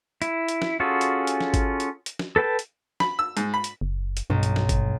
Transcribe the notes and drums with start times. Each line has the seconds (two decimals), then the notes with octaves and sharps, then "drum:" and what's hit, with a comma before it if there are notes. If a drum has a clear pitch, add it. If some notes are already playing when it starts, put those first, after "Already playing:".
0.22 E4, drum: hi-hat
0.48 drum: hi-hat
0.62 drum: snare
0.80 C#4 F4 F#4 G#4 A4
1.01 drum: hi-hat
1.27 drum: hi-hat
1.41 drum: snare
1.54 drum: kick G#1, hi-hat
1.80 drum: hi-hat
2.06 drum: hi-hat
2.19 drum: snare
2.36 A4 B4 G5 A5
2.59 drum: hi-hat
3.00 B5, drum: snare
3.19 E6
3.37 G#2, drum: hi-hat
3.54 B5
3.64 drum: hi-hat
3.81 F#1
4.17 drum: hi-hat
4.30 B1 G2
4.43 drum: hi-hat
4.56 drum: snare
4.69 drum: kick G#1, hi-hat